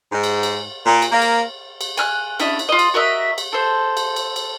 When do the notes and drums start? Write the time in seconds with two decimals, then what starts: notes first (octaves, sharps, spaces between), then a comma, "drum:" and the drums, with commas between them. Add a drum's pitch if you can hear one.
0.12 G#2
0.23 drum: cymbal
0.43 drum: cymbal
0.86 A#2
1.02 drum: cymbal
1.12 A#3
1.22 drum: cymbal
1.81 drum: cymbal
1.97 G#5 F6 F#6, drum: cymbal
2.40 C#4 D4 E4 D#5, drum: cymbal
2.59 drum: cymbal
2.69 F4 D#5
2.79 drum: cymbal
2.94 F#4 A#4 D#5 E5
3.38 drum: cymbal
3.53 A4 C5
3.97 drum: cymbal
4.16 drum: cymbal
4.36 drum: cymbal